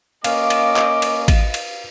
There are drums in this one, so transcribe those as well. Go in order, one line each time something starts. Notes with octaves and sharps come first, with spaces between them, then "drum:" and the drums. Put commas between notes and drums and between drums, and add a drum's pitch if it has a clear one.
A#3 C#4 D#5 F5 D6, drum: cymbal
drum: cymbal
drum: clap
drum: cymbal
drum: kick G#1, cymbal
drum: cymbal